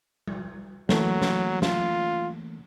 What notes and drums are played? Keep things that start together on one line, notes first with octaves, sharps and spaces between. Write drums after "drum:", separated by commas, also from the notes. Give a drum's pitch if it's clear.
drum: tom G3
E3 F#3 A3 A#3, drum: snare
drum: snare
F4, drum: snare